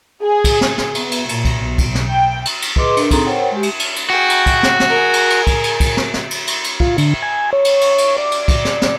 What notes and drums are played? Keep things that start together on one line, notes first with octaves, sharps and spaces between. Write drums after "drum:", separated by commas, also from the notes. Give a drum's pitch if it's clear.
G#4
drum: kick, cymbal
drum: snare
drum: snare
B3, drum: cymbal
drum: cymbal
A#2, drum: cymbal
drum: kick, cymbal
B1
drum: kick, cymbal
drum: snare
G5
drum: cymbal
drum: cymbal
G#4 B4 D#5 C6 D6, drum: kick
D4 A#4, drum: cymbal
C4 D#4 G#4 A4 A#5, drum: kick, cymbal
A#4 C5 C#5 F#5 G5
G#3 G4
drum: cymbal
drum: cymbal
drum: cymbal
F#4 G#4 G5
drum: cymbal
drum: kick, cymbal
drum: snare
drum: snare
G#4 A#4
drum: cymbal
drum: cymbal
drum: kick, cymbal
drum: cymbal
drum: kick, cymbal
drum: snare
drum: snare
drum: cymbal
drum: cymbal
drum: cymbal
F4, drum: kick
D3, drum: cymbal
G#5
C#5
drum: cymbal
drum: cymbal
drum: cymbal
D5
drum: cymbal
drum: kick, cymbal
drum: snare
drum: snare